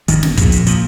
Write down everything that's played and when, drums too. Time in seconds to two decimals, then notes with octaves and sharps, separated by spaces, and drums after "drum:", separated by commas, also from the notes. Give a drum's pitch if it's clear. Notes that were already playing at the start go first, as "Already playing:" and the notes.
0.08 G1 G2 D#3, drum: hi-hat
0.23 drum: snare
0.37 A#1 A#2, drum: kick, hi-hat
0.52 drum: hi-hat
0.67 A#2 F3, drum: hi-hat